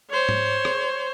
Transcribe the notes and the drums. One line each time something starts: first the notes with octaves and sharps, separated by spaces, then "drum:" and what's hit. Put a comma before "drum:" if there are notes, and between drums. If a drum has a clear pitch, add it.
C5 C#5
drum: tom G#2
drum: rim click